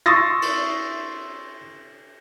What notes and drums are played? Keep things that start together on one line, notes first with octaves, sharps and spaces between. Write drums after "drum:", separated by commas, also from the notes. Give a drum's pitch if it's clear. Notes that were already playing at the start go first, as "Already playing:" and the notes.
C6 C#6 D#6 E6 A6 A#6
drum: cymbal